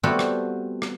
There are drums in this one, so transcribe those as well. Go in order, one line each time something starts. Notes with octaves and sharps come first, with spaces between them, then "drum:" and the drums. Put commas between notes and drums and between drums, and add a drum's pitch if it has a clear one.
G3 A3 B3 C4 F#4 G4
drum: rim click
drum: rim click